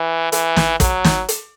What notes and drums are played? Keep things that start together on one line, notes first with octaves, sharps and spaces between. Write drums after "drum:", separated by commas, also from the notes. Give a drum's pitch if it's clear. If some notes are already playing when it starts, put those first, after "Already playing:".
Already playing: E3
E3, drum: hi-hat
drum: snare
F#3, drum: kick, hi-hat
drum: snare
drum: hi-hat